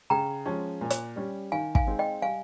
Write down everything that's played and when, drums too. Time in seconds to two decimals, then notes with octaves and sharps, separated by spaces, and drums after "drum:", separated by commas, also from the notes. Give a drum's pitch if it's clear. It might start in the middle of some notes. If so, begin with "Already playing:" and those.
0.10 C#3 G5 A#5
0.46 F3 G#3 C#4
0.81 A#2
0.90 drum: hi-hat
1.16 G3 C#4
1.52 D#3 F5 G#5
1.75 F5 G#5, drum: kick
1.87 G#3 C4 D#4
1.99 D#5 G5
2.22 G3 F5 G#5